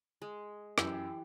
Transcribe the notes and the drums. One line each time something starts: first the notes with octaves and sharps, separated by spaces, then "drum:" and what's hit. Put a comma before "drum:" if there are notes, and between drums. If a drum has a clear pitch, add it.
G#3
F#2 E3 G4 G5 E6, drum: rim click